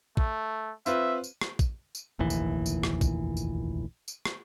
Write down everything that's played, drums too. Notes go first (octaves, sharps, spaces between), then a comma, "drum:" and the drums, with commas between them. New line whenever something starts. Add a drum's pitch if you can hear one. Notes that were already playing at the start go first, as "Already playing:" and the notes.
A3, drum: kick
C4 F4 B4 E5, drum: tambourine
drum: tambourine
drum: rim click
drum: kick, tambourine
drum: tambourine
F1 A#1 D#2 E3
drum: tambourine
drum: tambourine
drum: rim click
drum: kick, tambourine
drum: tambourine
drum: tambourine
drum: rim click